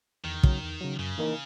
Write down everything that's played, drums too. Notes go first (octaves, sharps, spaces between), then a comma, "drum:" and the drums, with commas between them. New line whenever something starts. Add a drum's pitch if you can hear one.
E2 D#3
C#3 F#3, drum: kick
E2
C#3 F#3
F#2 C#3
E3 A#3 D#4 A#4